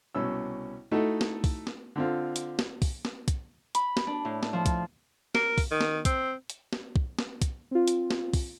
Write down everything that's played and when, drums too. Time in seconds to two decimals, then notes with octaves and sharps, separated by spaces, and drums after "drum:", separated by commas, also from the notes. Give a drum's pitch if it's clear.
0.15 C2 B2 C#4 E6
0.91 A3 D#4 E4 F#4 A4
1.21 drum: snare
1.44 drum: kick, open hi-hat
1.67 drum: snare
1.96 D3 C4 F4
2.36 drum: hi-hat
2.59 drum: snare
2.82 drum: kick, open hi-hat
3.05 drum: snare
3.28 drum: kick, hi-hat
3.75 B5, drum: hi-hat
3.97 drum: snare
4.07 D4
4.25 A2
4.43 drum: snare
4.53 F3
4.66 drum: kick, hi-hat
5.35 A#4, drum: snare
5.58 drum: kick, open hi-hat
5.71 D#3
5.81 drum: snare
6.05 C4, drum: kick, hi-hat
6.50 drum: hi-hat
6.73 drum: snare
6.96 drum: kick
7.19 drum: snare
7.42 drum: kick, hi-hat
7.71 C4 F4
7.88 drum: hi-hat
8.11 drum: snare
8.34 drum: kick, open hi-hat